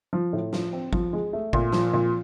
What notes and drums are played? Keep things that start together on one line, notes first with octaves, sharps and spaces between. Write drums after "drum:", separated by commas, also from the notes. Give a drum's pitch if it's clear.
F3
A2
F3, drum: snare
C4
F3, drum: kick G#1
G#3
A3
A#2, drum: kick G#1
F3, drum: snare
A#2